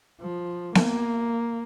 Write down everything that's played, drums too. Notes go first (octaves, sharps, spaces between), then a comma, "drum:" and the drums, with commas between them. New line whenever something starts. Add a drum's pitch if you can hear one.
F3
A#3, drum: snare B3